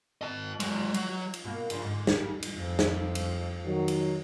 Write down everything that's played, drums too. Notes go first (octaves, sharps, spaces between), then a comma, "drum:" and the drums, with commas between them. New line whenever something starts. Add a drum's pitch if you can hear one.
D#5 A5
F#3 G#3, drum: cymbal
F#3, drum: cymbal
drum: cymbal
B2 A#3
C#3 F3 D4, drum: cymbal
G#2 D3
G4, drum: snare
C#3
drum: cymbal
F2
drum: snare
drum: cymbal
D#3 F#3
drum: cymbal